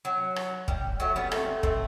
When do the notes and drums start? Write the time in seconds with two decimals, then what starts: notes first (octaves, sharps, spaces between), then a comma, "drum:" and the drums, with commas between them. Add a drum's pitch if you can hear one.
0.05 F#3
0.36 drum: rim click
0.68 G3, drum: kick
1.00 F#3 A3
1.16 G3 B3
1.32 A3 C4, drum: rim click
1.63 A3 C4, drum: kick